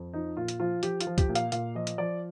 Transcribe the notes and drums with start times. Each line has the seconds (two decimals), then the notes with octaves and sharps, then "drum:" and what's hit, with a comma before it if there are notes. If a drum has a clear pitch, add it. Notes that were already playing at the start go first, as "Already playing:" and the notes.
Already playing: F2
0.13 F3 D#4
0.37 A#2 F4
0.48 drum: hi-hat
0.60 F3 F4
0.83 F3 G4, drum: hi-hat
1.01 F4, drum: hi-hat
1.07 F3
1.18 G4, drum: kick, hi-hat
1.29 A#2
1.35 F5, drum: hi-hat
1.52 A#2 F5, drum: hi-hat
1.75 F3 D#5
1.87 drum: hi-hat
1.98 F3 D5